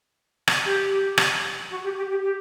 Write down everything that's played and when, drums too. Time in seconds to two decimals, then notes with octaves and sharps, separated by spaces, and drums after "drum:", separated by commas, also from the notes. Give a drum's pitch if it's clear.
0.48 drum: rim click
0.65 G4
1.18 drum: rim click
1.70 F#4
1.83 G4
1.96 G4
2.09 G4
2.23 G4